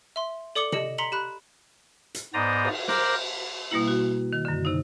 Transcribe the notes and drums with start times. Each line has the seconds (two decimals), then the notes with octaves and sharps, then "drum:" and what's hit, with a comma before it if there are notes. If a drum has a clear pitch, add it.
0.16 E5 C6
0.55 A4 D5 D6 D#6 C#7 G7
0.72 G4 D#5 A#6 C#7 F#7, drum: tom C3
0.98 A#5 C6 B6 C#7 F#7
1.12 G4 B5 F#6
2.14 drum: hi-hat
2.34 G#2 B3 C5 D5 A#5 D#6
2.65 drum: cymbal
2.88 A#4 C5 D6 F#6, drum: snare
3.71 B2 G3 A#3 E4
3.88 F#4
4.33 D#3
4.45 F#2 D3
4.65 C3 D#4